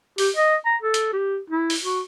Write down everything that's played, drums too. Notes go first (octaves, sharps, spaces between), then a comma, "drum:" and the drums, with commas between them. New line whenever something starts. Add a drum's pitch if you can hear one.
G4, drum: open hi-hat
D#5
A#5
A4
drum: hi-hat
G4
E4
drum: open hi-hat
F#4